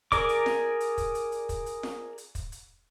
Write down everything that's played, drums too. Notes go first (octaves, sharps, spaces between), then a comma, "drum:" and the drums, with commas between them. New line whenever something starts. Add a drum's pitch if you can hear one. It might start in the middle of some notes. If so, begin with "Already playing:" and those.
G#4 A#4 D5 D6, drum: kick, hi-hat
drum: hi-hat
drum: snare F4
drum: hi-hat
drum: kick, hi-hat
drum: hi-hat
drum: hi-hat
drum: kick, hi-hat
drum: hi-hat
drum: snare F4
drum: hi-hat
drum: kick, hi-hat
drum: hi-hat